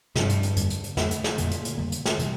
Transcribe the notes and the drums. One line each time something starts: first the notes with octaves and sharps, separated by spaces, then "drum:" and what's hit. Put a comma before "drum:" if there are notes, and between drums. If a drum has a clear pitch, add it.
G2 C3 F3 C4, drum: snare
drum: hi-hat
drum: hi-hat
F2 D3 G3 A#3, drum: hi-hat
drum: hi-hat
drum: hi-hat
F2 A2 D3 G3 A#3, drum: snare
drum: hi-hat
drum: snare
F2 A#2 D3 G3 A#3, drum: hi-hat
drum: hi-hat
drum: hi-hat
F2 D3 G3 A#3
drum: hi-hat
drum: snare
C3 E3 G3, drum: hi-hat